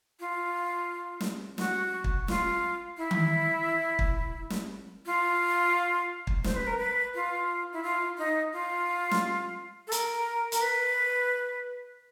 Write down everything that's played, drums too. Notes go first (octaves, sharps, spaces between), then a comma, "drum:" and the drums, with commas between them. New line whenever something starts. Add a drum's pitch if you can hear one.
F4
drum: snare
F#4, drum: snare
drum: kick
F4, drum: snare
E4
drum: tom D#3
drum: kick
drum: snare
F4
drum: kick
C5, drum: snare
B4
A#4
B4
F4
E4
F4
D#4
F4
drum: snare
A4
A#4, drum: hi-hat
A#4, drum: hi-hat
B4